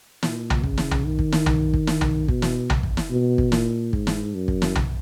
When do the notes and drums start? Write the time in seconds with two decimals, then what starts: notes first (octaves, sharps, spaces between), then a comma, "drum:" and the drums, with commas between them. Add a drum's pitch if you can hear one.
0.23 A#2, drum: snare
0.50 drum: tom B1
0.64 C#3, drum: kick
0.78 drum: snare
0.91 drum: tom B1
1.05 D#3
1.19 drum: kick
1.32 drum: snare
1.46 drum: tom B1
1.74 drum: kick
1.87 drum: snare
2.01 drum: tom B1
2.28 B2, drum: kick
2.42 drum: snare
2.70 drum: tom B1
2.83 drum: kick
2.97 drum: snare
3.11 B2
3.38 drum: kick
3.52 A#2, drum: snare
3.93 G#2, drum: kick
4.07 drum: snare
4.35 F#2
4.48 drum: kick
4.62 drum: snare
4.75 drum: tom B1